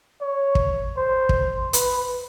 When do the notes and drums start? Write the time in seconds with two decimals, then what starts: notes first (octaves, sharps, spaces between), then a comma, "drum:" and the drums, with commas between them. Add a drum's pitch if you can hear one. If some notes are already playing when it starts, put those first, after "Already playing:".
0.21 C#5
0.55 drum: kick
0.97 C5
1.29 drum: kick
1.73 B4, drum: hi-hat